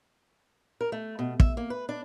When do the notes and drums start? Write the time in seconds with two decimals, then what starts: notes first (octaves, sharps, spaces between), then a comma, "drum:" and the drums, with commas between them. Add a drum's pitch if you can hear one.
0.81 A#4
0.92 A3
1.19 B2
1.40 E5, drum: kick
1.57 A#3
1.70 B4
1.89 D4